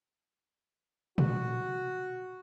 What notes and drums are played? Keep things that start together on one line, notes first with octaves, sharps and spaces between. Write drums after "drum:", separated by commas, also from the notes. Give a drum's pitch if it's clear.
F#4, drum: tom A#2